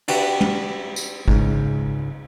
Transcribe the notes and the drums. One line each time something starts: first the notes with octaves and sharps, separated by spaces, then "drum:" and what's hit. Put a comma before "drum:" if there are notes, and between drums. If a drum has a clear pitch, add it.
D4 F#4 G4 B4, drum: cymbal
drum: tom
drum: tambourine
C#2 G#2, drum: kick G#1